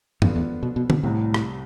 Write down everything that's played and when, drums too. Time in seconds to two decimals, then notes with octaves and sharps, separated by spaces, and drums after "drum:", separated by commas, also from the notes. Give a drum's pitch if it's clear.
0.22 F2 F3 B3 D4 F4 A4, drum: tom
0.36 E2
0.63 B2
0.76 B2
0.90 B2, drum: tom
1.03 C2 A2 C3 G3
1.34 drum: rim click